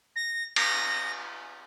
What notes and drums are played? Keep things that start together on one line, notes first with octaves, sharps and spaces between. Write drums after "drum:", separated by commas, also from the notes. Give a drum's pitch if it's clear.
A#6
A#6, drum: cymbal